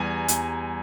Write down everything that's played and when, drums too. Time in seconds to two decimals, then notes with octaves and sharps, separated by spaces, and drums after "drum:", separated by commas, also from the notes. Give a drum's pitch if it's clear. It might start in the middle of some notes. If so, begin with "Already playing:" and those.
Already playing: E2 G3 G#5 A#5
0.28 E2, drum: hi-hat